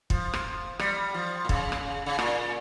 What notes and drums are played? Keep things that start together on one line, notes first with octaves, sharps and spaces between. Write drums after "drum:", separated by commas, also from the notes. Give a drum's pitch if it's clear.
F3, drum: kick
drum: rim click
G3, drum: rim click
F3
A#2
C#3, drum: kick
drum: rim click
C#3
A#2, drum: rim click